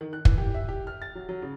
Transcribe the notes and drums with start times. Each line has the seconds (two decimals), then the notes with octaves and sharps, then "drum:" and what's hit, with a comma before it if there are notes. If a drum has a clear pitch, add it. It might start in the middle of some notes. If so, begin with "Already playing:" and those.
0.01 D#3
0.13 F#6
0.25 E3, drum: kick
0.38 G4
0.54 E5
0.68 G4
0.87 F6
1.02 A6
1.15 F#3
1.29 F#3
1.42 C#3